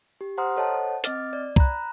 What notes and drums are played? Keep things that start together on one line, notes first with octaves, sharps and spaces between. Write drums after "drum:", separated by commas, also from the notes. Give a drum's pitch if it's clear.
G4
C5 F#5 A#5 C6 D#6 F6
A4 C5 C#5 D#5 F#5 A5
C4 D#5 D6 F6 A6, drum: hi-hat
D5
A#5 B5 F#6, drum: kick C2